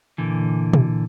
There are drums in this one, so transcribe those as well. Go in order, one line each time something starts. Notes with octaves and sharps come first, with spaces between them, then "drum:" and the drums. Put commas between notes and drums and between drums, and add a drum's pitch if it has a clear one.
A#2 D3 E3
drum: tom